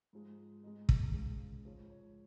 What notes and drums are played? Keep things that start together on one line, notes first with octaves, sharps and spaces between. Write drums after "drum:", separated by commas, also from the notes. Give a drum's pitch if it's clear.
G#2 F3 G#3
G#2 G#3 D#5
drum: kick
C#2 C#3 G#3
G#2 F3 G#3 C#5
C#5